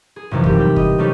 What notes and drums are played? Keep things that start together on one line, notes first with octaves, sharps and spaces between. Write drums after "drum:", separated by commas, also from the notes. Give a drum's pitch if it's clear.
G#4
G#1 F#2 C3 E3 F3
C4 G4, drum: kick
G3 G5
D#5, drum: kick
C3 G3 A3 C#4 D#4 G4